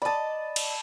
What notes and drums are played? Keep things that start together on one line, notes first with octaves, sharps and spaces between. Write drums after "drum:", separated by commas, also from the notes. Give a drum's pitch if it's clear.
D5 D#5 A5 B5
drum: cymbal